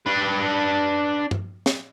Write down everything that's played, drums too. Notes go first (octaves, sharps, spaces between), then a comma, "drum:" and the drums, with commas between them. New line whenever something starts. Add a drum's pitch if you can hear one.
D4 B4
drum: tom
drum: snare